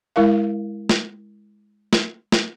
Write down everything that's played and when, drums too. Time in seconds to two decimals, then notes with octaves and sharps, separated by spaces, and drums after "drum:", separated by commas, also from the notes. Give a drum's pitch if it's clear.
0.16 G#3 E4 A#4 F5
0.89 drum: snare
1.93 drum: snare
2.32 drum: snare